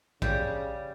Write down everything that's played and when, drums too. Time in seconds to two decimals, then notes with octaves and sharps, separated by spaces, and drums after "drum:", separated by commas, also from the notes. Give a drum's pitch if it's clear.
0.22 C#3 G3, drum: kick